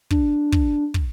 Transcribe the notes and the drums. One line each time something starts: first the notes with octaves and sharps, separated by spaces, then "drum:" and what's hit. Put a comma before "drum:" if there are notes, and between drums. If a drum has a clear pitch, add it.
D4, drum: kick
drum: kick
drum: kick